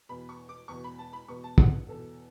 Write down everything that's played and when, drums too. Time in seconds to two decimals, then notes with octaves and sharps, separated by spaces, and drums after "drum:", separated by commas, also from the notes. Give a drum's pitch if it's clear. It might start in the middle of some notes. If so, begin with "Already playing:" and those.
0.09 E2 B2 B5
0.29 C#6
0.49 D6
0.68 E2 B2 C#6
0.84 B5
0.99 A5
1.13 B5
1.29 E2 B2 C#6
1.44 A5
1.58 F#5, drum: kick
1.88 E2 B2 A4